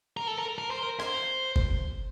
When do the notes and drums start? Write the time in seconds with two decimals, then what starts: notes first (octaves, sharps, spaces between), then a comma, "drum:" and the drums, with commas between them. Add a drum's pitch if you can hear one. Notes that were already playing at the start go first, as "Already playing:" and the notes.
0.17 A#4
0.27 A4
0.39 A#4
0.58 A#4
0.71 C5
0.83 A#4
1.00 C5, drum: rim click
1.56 drum: kick F#1